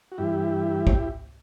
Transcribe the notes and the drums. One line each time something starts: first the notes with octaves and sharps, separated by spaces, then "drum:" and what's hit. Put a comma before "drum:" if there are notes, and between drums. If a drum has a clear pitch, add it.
F#4
G2 E3 E4 G4
drum: kick G#1